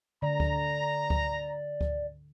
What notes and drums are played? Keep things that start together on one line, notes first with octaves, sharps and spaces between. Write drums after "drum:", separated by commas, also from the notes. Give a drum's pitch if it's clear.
D3 D5 A#5
drum: kick D2
drum: kick D2
drum: kick D2